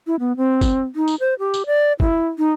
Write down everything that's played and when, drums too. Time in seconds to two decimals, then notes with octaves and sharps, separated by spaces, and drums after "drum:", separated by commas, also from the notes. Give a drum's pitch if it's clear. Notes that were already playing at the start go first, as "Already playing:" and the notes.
0.07 E4
0.20 B3
0.37 C4
0.61 drum: kick, tambourine
0.96 D#4
1.08 drum: tambourine
1.20 C5
1.39 G4
1.54 drum: tambourine
1.66 D5
2.00 E4, drum: kick
2.38 D#4